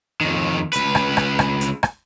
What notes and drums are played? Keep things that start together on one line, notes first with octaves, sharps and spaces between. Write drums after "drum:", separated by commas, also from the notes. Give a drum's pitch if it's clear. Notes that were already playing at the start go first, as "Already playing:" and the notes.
F2 D#3
C#2 B4, drum: hi-hat
drum: rim click
drum: rim click
drum: rim click
drum: hi-hat
drum: rim click